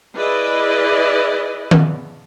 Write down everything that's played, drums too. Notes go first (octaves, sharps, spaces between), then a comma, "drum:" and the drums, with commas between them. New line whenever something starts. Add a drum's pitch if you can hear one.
E4 G#4 B4 D5 D#5
drum: tom D#3